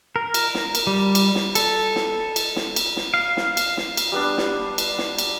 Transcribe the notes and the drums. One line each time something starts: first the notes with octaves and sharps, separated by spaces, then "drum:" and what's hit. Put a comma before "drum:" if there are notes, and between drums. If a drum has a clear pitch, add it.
A#4
drum: cymbal
drum: snare
drum: cymbal
G3
drum: cymbal
drum: snare
A4, drum: cymbal
drum: snare
drum: cymbal
drum: snare
drum: cymbal
drum: snare
F5
drum: snare
drum: cymbal
drum: snare
drum: cymbal
G3 B3 D4
drum: snare
drum: cymbal
drum: snare
drum: cymbal